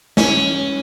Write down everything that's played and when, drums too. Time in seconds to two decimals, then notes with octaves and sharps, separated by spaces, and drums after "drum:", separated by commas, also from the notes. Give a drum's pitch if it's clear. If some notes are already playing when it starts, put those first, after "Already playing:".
0.17 C#4, drum: snare